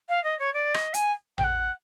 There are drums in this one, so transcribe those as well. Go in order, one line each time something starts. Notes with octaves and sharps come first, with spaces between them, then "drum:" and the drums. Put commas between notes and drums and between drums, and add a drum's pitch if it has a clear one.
F5
D#5
C#5
D5
D#5, drum: rim click
G#5, drum: hi-hat
G5, drum: tom A1
F#5